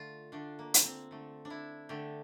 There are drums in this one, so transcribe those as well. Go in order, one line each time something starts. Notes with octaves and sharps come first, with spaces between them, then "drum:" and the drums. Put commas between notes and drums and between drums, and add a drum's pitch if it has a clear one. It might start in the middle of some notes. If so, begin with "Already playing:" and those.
Already playing: D3 A3 F4
D3 A3 D4
A#3
drum: hi-hat
C4
D3 A3
D4
E4
D3 A3 G4